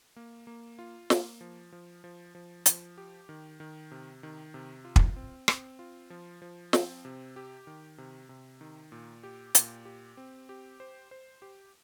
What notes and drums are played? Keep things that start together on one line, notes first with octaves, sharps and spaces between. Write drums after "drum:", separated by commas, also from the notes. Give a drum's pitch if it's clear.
A#3
A#3
F4
A#3, drum: snare
F3
F3
F3
F3
F3, drum: hi-hat
G4
D#3
D#3
C3
D#3
C3
F4
drum: kick
C4
C4, drum: rim click
F4
F3
F3
C4, drum: snare
C3
G4
D#3
C3
C3
D#3
A#2
G4
A#2, drum: hi-hat
G4
C4
G4
C5
C5
G4